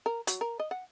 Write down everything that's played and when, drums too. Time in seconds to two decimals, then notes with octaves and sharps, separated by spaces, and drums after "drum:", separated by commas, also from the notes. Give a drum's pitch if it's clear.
0.06 A#4
0.27 F#3, drum: hi-hat
0.41 A#4
0.59 D#5
0.71 F#5